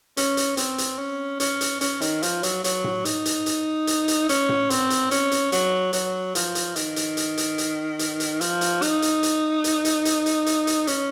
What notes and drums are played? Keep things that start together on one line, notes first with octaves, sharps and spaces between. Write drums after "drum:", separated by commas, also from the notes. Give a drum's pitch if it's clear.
C#4, drum: hi-hat
drum: hi-hat
C4, drum: hi-hat
drum: hi-hat
C#4
C#4, drum: hi-hat
drum: hi-hat
C#4, drum: hi-hat
D#3, drum: hi-hat
F3, drum: hi-hat
F#3, drum: hi-hat
F#3, drum: hi-hat
drum: tom A2
D#4, drum: hi-hat
drum: hi-hat
drum: hi-hat
drum: hi-hat
drum: hi-hat
C#4, drum: hi-hat
drum: tom A2
C4, drum: hi-hat
drum: hi-hat
C#4, drum: hi-hat
drum: hi-hat
F#3, drum: hi-hat
F#3, drum: hi-hat
F3, drum: hi-hat
drum: hi-hat
D#3, drum: hi-hat
drum: hi-hat
drum: hi-hat
drum: hi-hat
drum: hi-hat
drum: hi-hat
drum: hi-hat
F3, drum: hi-hat
drum: hi-hat
D#4, drum: hi-hat
drum: hi-hat
drum: hi-hat
drum: hi-hat
drum: hi-hat
drum: hi-hat
drum: hi-hat
drum: hi-hat
drum: hi-hat
C#4, drum: hi-hat